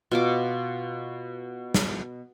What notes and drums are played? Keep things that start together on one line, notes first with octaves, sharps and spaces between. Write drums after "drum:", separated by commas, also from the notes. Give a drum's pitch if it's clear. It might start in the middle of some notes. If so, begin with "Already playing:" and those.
B2 F4 D6
drum: snare